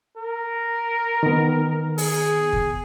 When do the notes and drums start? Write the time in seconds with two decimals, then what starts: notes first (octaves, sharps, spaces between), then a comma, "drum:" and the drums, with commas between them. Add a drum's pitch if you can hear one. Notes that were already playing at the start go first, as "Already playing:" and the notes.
0.17 A#4
1.23 D#3 B3
1.98 G#4, drum: open hi-hat
2.53 drum: kick F#1